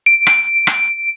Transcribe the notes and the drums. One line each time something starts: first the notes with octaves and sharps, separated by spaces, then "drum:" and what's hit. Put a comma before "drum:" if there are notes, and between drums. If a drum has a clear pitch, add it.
D7
drum: rim click
drum: rim click